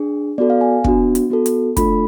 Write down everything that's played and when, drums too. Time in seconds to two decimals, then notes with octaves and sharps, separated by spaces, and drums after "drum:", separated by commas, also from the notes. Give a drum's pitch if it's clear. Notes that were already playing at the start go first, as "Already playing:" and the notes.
Already playing: D4 G#4
0.38 B3 F#4 A4 D5
0.50 F5
0.61 G#5
0.84 B3 D4 F#4, drum: kick
1.15 drum: hi-hat
1.30 B3 F#4 A4
1.46 drum: hi-hat
1.77 A3 D4 F4 A4 B5, drum: kick, hi-hat